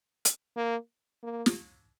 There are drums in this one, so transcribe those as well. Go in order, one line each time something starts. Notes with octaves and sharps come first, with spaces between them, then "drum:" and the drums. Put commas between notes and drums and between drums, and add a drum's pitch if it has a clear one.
drum: hi-hat
A#3
A#3
drum: snare